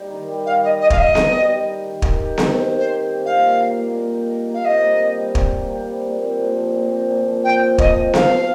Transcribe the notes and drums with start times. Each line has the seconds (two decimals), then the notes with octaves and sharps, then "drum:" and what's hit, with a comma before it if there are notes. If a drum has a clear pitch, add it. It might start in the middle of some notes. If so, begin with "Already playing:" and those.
Already playing: G3 D#4
0.10 D#3
0.28 G3
0.46 G3 F5
0.63 A#4 D#5
0.80 G3 D#5
0.90 F5, drum: kick
0.98 D#4 D#5
1.15 G3, drum: snare B3
1.33 A#4
1.50 G3
1.67 D#4
1.85 D#3
2.02 D#4, drum: kick
2.20 G4
2.38 C4, drum: snare B3
2.55 D#3
2.72 D#4
2.78 C5
2.90 G4
3.07 C4
3.25 A#2 F5
3.43 D#4
3.60 A#4
3.77 A#3
3.94 A#2
4.12 D#4
4.29 A#4
4.47 A#3
4.54 F5
4.65 C3 D#5
4.82 A#3
5.00 C3
5.16 G3
5.35 C3, drum: kick
5.52 A#3
5.69 C3
5.87 G3
6.04 A#2
6.22 C4
6.39 A#2
6.57 F3
6.74 A#2
6.92 C4
7.09 A#2
7.26 F3
7.44 F3 G5
7.61 F4
7.78 F3 D#5, drum: kick
7.97 C4
8.14 F3 F5, drum: snare B3
8.31 F4